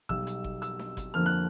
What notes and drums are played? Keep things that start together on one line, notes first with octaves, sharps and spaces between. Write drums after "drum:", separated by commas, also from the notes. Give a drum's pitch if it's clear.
B1 B2 G3 E6, drum: kick G1
drum: hi-hat
drum: kick G1
E6, drum: hi-hat
drum: snare D4
drum: kick G1, hi-hat
F2 D3 F3 A#3 F6
F#6